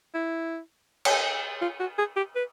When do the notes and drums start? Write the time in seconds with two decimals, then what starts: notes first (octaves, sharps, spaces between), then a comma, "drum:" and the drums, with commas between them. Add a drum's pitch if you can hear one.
0.14 E4
1.05 drum: cymbal
1.61 F4
1.80 F#4
1.98 G#4
2.16 G4
2.36 B4